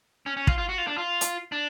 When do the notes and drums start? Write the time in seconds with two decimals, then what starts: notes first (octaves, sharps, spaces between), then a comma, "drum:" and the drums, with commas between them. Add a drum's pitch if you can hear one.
0.26 C#4
0.37 C#4
0.47 F4, drum: kick
0.58 F4
0.69 F#4
0.78 F4
0.87 D4
0.98 F4
1.21 drum: hi-hat
1.52 D4